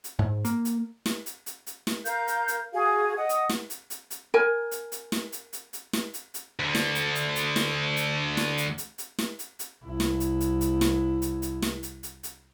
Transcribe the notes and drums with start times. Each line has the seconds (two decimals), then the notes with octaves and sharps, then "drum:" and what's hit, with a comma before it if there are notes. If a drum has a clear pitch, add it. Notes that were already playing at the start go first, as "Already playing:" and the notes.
0.04 drum: hi-hat
0.19 G#2
0.45 A#3, drum: hi-hat
0.65 drum: hi-hat
1.06 drum: snare
1.26 drum: hi-hat
1.46 drum: hi-hat
1.67 drum: hi-hat
1.87 drum: snare
2.05 A#4 F5 G6, drum: hi-hat
2.28 drum: hi-hat
2.48 drum: hi-hat
2.73 F#4 G#4 F5
3.16 D#5 F#5 D#6
3.29 drum: hi-hat
3.49 drum: snare
3.70 drum: hi-hat
3.90 drum: hi-hat
4.10 drum: hi-hat
4.34 A#4 G#5
4.71 drum: hi-hat
4.92 drum: hi-hat
5.12 drum: snare
5.32 drum: hi-hat
5.53 drum: hi-hat
5.73 drum: hi-hat
5.93 drum: snare
6.14 drum: hi-hat
6.34 drum: hi-hat
6.60 D2 D3
6.75 drum: snare
6.95 drum: hi-hat
7.15 drum: hi-hat
7.36 drum: hi-hat
7.56 drum: snare
7.97 drum: hi-hat
8.37 drum: snare
8.58 drum: hi-hat
8.78 drum: hi-hat
8.98 drum: hi-hat
9.19 drum: snare
9.39 drum: hi-hat
9.59 drum: hi-hat
9.84 C2 E4
10.00 drum: snare
10.20 drum: hi-hat
10.40 drum: hi-hat
10.61 drum: hi-hat
10.81 drum: snare
11.22 drum: hi-hat
11.42 drum: hi-hat
11.62 drum: snare
11.83 drum: hi-hat
12.03 drum: hi-hat
12.23 drum: hi-hat